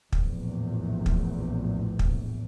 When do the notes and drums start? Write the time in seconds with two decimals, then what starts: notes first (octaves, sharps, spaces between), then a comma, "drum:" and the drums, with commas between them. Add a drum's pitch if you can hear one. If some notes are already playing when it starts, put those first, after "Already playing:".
0.13 A#1 E2 A2, drum: kick
1.06 drum: kick
1.99 drum: kick